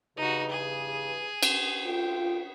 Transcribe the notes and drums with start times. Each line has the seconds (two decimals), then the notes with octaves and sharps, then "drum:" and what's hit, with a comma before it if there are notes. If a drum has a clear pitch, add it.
0.17 E2 G2 C#3 D#4 F#4
0.50 G#4
1.43 drum: cymbal
1.85 D2 D3 F4 G5